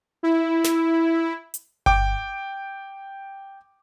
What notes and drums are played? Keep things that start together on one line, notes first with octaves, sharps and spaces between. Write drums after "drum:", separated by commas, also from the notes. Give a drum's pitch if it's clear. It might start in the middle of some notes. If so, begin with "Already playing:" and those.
E4
drum: snare
drum: hi-hat
G5 D6, drum: kick G1